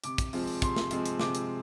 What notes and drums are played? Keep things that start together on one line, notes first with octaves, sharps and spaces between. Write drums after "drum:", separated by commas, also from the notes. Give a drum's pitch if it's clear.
C3 D6, drum: hi-hat
drum: kick, hi-hat
F3 G#3 C4, drum: open hi-hat
drum: open hi-hat
C3 C6, drum: kick, hi-hat
drum: snare
F3 G#3 C4, drum: hi-hat
drum: hi-hat
C3 D6, drum: snare
drum: hi-hat